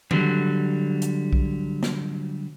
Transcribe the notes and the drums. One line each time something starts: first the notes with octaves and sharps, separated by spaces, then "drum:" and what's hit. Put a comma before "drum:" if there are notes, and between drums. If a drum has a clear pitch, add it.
D3 F#3 G3, drum: tom D#3
drum: hi-hat
drum: kick B1
drum: snare